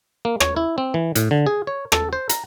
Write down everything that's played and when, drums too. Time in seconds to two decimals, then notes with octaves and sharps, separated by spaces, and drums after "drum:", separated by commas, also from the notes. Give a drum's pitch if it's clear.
0.25 A#3
0.40 C#5, drum: rim click
0.56 E4
0.78 C4
0.94 E3
1.15 A2, drum: hi-hat
1.31 D3
1.47 G#4
1.67 C#5
1.92 A4, drum: rim click
2.13 C5
2.29 A#5, drum: hi-hat